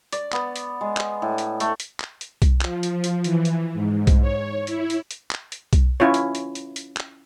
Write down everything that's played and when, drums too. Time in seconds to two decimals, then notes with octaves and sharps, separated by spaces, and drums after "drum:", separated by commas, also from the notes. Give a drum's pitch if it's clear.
0.12 D5, drum: hi-hat
0.33 B3, drum: clap
0.56 drum: hi-hat
0.81 G#3
0.97 drum: clap
1.22 A2
1.38 drum: hi-hat
1.60 A3, drum: hi-hat
1.80 drum: hi-hat
2.00 drum: clap
2.21 drum: hi-hat
2.42 drum: kick B1, hi-hat
2.61 F3, drum: clap
2.83 drum: hi-hat
3.04 drum: hi-hat
3.24 E3, drum: hi-hat
3.45 drum: hi-hat
3.74 G#2
4.07 drum: kick B1, hi-hat
4.21 C#5
4.67 E4, drum: hi-hat
4.90 drum: hi-hat
5.11 drum: hi-hat
5.31 drum: clap
5.52 drum: hi-hat
5.73 drum: kick B1, hi-hat
6.00 C#4 E4 F4 C#5
6.14 drum: hi-hat
6.35 drum: hi-hat
6.55 drum: hi-hat
6.76 drum: hi-hat
6.97 drum: clap